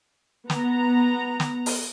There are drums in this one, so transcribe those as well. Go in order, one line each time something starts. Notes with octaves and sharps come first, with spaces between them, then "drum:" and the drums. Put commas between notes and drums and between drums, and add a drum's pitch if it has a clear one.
B3 A#5, drum: snare
drum: snare
drum: open hi-hat